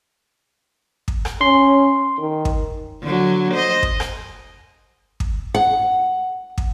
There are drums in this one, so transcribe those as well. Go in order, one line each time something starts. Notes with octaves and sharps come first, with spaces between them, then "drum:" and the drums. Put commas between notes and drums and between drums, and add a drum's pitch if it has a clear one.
drum: kick
drum: rim click
C#4 C6
D#3
drum: kick
D3 F#3
C5 D#5
drum: kick
drum: rim click
drum: kick
F#5
drum: kick